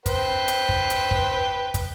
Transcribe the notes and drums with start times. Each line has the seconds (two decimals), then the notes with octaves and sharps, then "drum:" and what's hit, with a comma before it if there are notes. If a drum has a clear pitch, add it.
0.06 B4 C5 G5, drum: kick, hi-hat
0.48 drum: hi-hat
0.69 drum: kick
0.90 drum: hi-hat
1.11 drum: kick
1.74 drum: kick, hi-hat